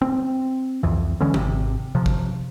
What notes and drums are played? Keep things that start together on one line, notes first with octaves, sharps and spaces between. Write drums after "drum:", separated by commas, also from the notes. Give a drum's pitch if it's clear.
C4
C2 F2 E3
D3 E3 G#3 C#4
G#1 C3, drum: tom D#3
C3 F3
drum: kick